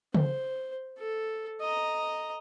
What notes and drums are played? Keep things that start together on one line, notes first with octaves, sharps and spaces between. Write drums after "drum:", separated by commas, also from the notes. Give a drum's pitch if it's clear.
C5, drum: tom C#3
A4
D#5 A#5